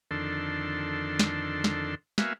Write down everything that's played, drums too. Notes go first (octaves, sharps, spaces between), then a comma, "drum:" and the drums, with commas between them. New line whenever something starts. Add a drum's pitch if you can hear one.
F2 D3 D#3 D4 A4 C6
drum: snare
drum: snare
A#3 B3 F#4 E5 F5 G#5, drum: snare